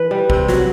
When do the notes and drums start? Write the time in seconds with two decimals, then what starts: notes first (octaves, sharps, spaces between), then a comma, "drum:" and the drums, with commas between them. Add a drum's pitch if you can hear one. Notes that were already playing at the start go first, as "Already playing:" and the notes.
Already playing: E3 B4
0.11 G3
0.30 C3, drum: kick
0.48 F#3, drum: snare